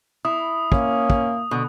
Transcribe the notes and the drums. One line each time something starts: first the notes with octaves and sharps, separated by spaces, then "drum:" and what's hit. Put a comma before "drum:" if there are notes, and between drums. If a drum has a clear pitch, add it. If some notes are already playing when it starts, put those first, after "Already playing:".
E4 D#6
A#3 C#4, drum: kick
drum: kick
B2 D3